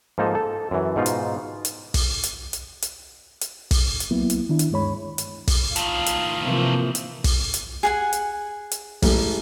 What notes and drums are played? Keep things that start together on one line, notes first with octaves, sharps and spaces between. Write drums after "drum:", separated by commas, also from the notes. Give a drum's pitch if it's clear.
G#2 F3 A#3 D#4 A4
A4
F#2 E3
G#2 B2 D#4 F4
drum: hi-hat
drum: hi-hat
drum: kick, open hi-hat
drum: hi-hat
drum: hi-hat
drum: hi-hat
drum: hi-hat
drum: kick, open hi-hat
drum: hi-hat
F#3 A#3 B3 E4
drum: hi-hat
D#3 D4 E4
drum: hi-hat
D2 G2 G#3 C#5 B5
drum: hi-hat
drum: kick, open hi-hat
A2 D#3 F4, drum: hi-hat
drum: hi-hat
C3 E3 F3 A#3
drum: hi-hat
drum: kick, open hi-hat
drum: hi-hat
G#4 F#5 G#5
drum: hi-hat
drum: hi-hat
A1 G#3, drum: kick, open hi-hat